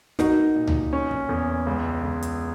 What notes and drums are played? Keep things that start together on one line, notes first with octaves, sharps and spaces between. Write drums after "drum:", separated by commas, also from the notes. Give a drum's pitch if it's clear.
D#4 F#4 A#4, drum: snare
A#2
drum: tom C#2
C#4
drum: kick
E2
C#2
C#2
drum: hi-hat